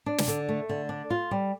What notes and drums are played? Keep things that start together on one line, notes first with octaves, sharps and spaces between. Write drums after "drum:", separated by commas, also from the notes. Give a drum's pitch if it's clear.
D4
drum: snare
D3
A3
D3
D4
F4
G3